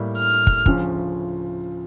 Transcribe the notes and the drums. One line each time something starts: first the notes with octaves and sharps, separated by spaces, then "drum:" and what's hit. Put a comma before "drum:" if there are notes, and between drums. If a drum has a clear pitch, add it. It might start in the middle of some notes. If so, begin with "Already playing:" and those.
Already playing: A2 G3 A#3
F6
drum: kick
D2 C#3 F3 C#4, drum: kick